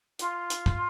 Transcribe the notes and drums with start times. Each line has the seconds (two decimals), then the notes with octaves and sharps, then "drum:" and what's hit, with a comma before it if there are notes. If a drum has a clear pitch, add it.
0.19 F4, drum: hi-hat
0.50 drum: hi-hat
0.66 drum: kick